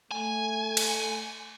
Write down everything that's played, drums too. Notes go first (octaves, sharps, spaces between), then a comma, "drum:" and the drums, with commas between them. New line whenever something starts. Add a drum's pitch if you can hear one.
A3 G#5
drum: cymbal